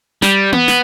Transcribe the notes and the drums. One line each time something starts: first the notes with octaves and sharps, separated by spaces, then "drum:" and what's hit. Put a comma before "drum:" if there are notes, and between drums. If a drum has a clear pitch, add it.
G3, drum: snare
B3, drum: tom B3
drum: snare